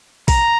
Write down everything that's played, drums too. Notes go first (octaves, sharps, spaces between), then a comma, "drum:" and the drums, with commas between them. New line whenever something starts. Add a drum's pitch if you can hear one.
A#5, drum: kick A#1, open hi-hat